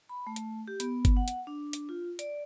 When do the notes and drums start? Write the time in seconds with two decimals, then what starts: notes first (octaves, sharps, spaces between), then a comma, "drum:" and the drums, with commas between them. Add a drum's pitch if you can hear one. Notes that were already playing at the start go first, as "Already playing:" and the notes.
0.09 B5
0.27 A3
0.36 drum: hi-hat
0.67 G4
0.80 B3, drum: hi-hat
1.05 drum: kick G1, hi-hat
1.17 F#5
1.28 drum: hi-hat
1.47 D4
1.73 drum: hi-hat
1.89 F4
2.19 D5, drum: hi-hat